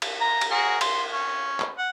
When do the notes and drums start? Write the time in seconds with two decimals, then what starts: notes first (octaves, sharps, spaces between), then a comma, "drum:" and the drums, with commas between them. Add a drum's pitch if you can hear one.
0.02 drum: cymbal
0.21 A#5
0.41 drum: cymbal
0.51 F#4 G#4 A#4
0.81 C6, drum: cymbal
1.13 C#4
1.60 drum: clap
1.78 F#5